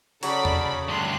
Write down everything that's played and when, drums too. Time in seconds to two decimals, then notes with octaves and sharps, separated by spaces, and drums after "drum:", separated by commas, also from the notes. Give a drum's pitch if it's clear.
0.23 C#3 F#3 A4 D5 B5, drum: open hi-hat
0.45 drum: tom E2
0.88 D2 G2 C6 F#6